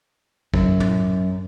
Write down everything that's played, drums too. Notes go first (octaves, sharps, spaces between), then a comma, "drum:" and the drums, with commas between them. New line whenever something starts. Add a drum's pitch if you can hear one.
F#2, drum: kick
drum: tom